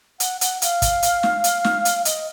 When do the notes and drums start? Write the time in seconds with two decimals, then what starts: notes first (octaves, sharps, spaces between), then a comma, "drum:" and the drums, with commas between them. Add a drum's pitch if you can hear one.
0.20 F#5, drum: hi-hat
0.41 F#5, drum: hi-hat
0.62 F5, drum: hi-hat
0.82 drum: kick, hi-hat
1.02 drum: hi-hat
1.23 drum: snare
1.44 drum: hi-hat
1.64 drum: snare
1.85 drum: hi-hat
2.05 D#5, drum: hi-hat